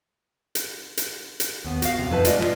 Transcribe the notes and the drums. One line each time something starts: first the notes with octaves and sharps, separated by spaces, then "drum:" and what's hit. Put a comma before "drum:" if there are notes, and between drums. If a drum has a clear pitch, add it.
drum: hi-hat
drum: hi-hat
drum: hi-hat
D#2 B3
F#4 F5, drum: hi-hat
F2 C3 G3
F2 F#3 C4 D#4 B4 A5
G#3 A3 D#4 F4 D5 D#5, drum: hi-hat
A2 D3 F4